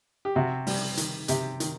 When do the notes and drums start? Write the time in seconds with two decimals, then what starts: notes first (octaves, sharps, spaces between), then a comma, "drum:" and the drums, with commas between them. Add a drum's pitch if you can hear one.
0.25 G4
0.35 C3 F#4
0.67 G3, drum: open hi-hat
0.97 D#3, drum: hi-hat
1.28 C3 G4, drum: hi-hat
1.60 D#3, drum: hi-hat